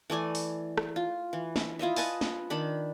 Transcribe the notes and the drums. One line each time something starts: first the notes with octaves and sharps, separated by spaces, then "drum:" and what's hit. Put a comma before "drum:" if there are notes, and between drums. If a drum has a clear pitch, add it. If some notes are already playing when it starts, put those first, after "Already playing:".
E3 A3 D5 G#5
drum: open hi-hat
drum: rim click
F4
E3
drum: snare
E4 F4 D#5 E5
B4 D#5 G#5 A5, drum: open hi-hat
drum: snare
D#3 D4 B5